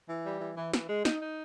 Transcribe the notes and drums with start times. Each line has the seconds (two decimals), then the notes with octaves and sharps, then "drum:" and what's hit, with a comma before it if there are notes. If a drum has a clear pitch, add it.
0.09 E3
0.25 G3
0.41 E3
0.57 E3
0.74 E3, drum: snare
0.89 G#3
1.05 D#4, drum: snare
1.22 D#4